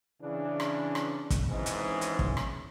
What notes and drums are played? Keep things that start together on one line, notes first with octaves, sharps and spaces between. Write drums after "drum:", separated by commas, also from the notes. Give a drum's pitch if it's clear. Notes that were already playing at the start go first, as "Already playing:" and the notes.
C#3 E3 D4
drum: rim click
drum: rim click
drum: kick, hi-hat
G#1 G#2 E3 G#3 C4 C#4
drum: hi-hat
drum: hi-hat
drum: kick
drum: rim click